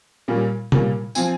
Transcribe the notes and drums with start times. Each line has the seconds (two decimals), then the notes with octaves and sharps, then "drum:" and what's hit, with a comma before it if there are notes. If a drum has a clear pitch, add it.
0.28 A#2 G3 A#3 C#4
0.72 A#2 G3 A#3 C#4, drum: tom C3
1.15 F3 C4 G#5, drum: tambourine